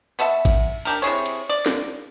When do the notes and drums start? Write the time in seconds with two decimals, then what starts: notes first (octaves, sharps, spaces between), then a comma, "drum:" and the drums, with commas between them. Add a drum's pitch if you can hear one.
0.19 B3 F#4 A4 E5
0.45 drum: kick, cymbal
0.85 D4 G4 A#4, drum: cymbal
1.02 C3 E4 G#4 C#5
1.26 drum: cymbal
1.49 D5
1.66 drum: snare